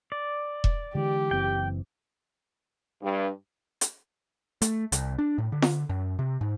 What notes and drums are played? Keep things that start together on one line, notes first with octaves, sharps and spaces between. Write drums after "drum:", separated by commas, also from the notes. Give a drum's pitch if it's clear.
D5
drum: kick E1
D3 E3 G#3 G4
F#1 E3 C4 G5
G2
drum: hi-hat
A3, drum: hi-hat
C2, drum: hi-hat
D4
A2
D3
drum: snare
F#2
C3
G#2